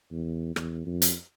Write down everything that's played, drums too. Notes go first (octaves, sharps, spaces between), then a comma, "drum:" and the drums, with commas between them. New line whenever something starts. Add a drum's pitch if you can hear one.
E2
E2, drum: rim click
F2
drum: hi-hat